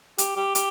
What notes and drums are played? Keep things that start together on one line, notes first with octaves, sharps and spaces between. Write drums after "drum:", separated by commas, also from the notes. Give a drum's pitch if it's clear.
G4, drum: hi-hat
G4
G4, drum: hi-hat